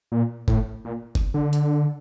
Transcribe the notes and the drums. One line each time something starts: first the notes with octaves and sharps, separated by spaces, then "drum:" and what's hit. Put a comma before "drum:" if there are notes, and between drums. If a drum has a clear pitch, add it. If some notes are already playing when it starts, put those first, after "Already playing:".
A#2
A2, drum: kick F#1
A#2
drum: kick F#1
D3
drum: hi-hat